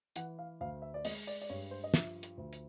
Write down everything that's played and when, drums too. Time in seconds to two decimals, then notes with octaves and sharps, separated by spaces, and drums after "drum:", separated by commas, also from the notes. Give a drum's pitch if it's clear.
0.16 E3 F#5, drum: hi-hat
0.39 F5
0.61 D2 F5
0.82 E5
0.94 D5
1.05 G#3 D#5, drum: open hi-hat
1.27 D5
1.42 D5
1.49 G2 C#5
1.71 C5
1.84 D#5
1.94 F3 E5, drum: snare
2.23 drum: hi-hat
2.38 D2
2.53 drum: hi-hat